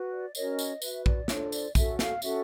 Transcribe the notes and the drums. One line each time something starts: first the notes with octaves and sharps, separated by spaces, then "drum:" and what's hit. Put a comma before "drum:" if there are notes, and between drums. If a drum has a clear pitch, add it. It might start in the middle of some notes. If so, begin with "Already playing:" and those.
Already playing: F#4 B4
D5
C#4 F#4 A#4 C#5 D#5, drum: tambourine
drum: tambourine
F#4 B4 E5, drum: tambourine
D5, drum: kick A#1
D4 F4 A4 C5 C#5, drum: snare
D5, drum: tambourine
C#4 F#4 A4 E5, drum: kick A#1, tambourine
F5, drum: snare
C#4 F#4 A4 C#5 E5, drum: tambourine